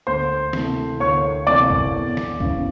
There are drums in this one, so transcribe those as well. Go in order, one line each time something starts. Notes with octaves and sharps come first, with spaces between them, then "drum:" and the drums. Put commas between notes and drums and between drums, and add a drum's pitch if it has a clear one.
D2 C5 C6
C3 E3 A3, drum: snare
D2 C#5 C#6
C3 E3 A3 D5 D6
drum: kick
E2
drum: snare
C#3 E3, drum: kick